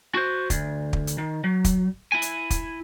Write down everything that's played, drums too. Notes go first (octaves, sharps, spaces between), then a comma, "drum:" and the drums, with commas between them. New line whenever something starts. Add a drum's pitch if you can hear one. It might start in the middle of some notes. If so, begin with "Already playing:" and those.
F#4 C5
D2, drum: kick, hi-hat
drum: kick
drum: hi-hat
D#3
F#3
drum: kick, hi-hat
E4 G#5
drum: hi-hat
drum: kick, hi-hat